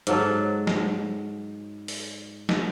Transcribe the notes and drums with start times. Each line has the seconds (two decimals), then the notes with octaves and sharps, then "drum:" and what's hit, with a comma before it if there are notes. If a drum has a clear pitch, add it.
0.07 G#2 F#3 A4, drum: hi-hat
0.67 drum: snare
1.88 drum: open hi-hat
2.49 drum: snare